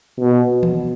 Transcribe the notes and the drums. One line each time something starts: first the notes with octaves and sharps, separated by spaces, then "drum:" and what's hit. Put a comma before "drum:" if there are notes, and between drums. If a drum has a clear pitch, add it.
B2
drum: tom D#3